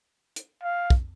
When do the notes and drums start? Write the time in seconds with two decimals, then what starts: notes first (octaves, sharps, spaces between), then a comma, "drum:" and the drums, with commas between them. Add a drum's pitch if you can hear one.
0.36 drum: hi-hat
0.64 F5
0.90 drum: kick